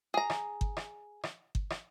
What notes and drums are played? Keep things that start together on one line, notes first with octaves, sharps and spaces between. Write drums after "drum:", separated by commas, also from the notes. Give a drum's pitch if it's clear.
G#4 A#5
drum: rim click
drum: kick G1
drum: rim click
drum: rim click
drum: kick G1
drum: rim click